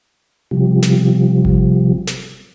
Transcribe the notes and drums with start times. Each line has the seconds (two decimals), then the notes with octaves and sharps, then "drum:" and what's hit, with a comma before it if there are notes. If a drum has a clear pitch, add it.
0.51 C3 F3 G3
0.82 drum: snare
1.45 drum: kick G#1
2.07 drum: snare